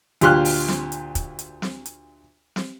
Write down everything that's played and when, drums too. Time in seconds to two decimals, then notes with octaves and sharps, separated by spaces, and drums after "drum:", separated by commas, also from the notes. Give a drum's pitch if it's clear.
0.21 D2 A#2 G4 C6 F6 F#6, drum: hi-hat
0.45 drum: open hi-hat
0.68 drum: snare
0.92 drum: hi-hat
1.15 drum: kick, hi-hat
1.39 drum: hi-hat
1.62 drum: snare
1.86 drum: hi-hat
2.56 drum: snare